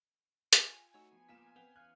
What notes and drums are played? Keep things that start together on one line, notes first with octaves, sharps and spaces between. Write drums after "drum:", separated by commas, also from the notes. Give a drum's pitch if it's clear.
F4 G5 G#5, drum: hi-hat
A3 D#4 F#4 C#5 E6
F3 B3
A#2 A#3 B6 E7
B3 C4 F5 G5
E3 B3 C#4 F5 F6 F#6 G#6